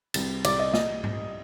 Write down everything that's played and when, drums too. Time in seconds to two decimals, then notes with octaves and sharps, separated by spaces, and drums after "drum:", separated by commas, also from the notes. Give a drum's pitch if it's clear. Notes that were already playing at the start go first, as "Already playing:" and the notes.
0.14 C2 C3 G3, drum: cymbal
0.44 C2 C3 G3 D5, drum: cymbal
0.59 D#5
0.74 D#5, drum: snare
1.04 drum: tom G#2